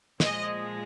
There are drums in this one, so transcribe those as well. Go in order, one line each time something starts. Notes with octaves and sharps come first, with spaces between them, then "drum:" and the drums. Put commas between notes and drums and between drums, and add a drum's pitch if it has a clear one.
A#2 F3 G#3 D#5, drum: snare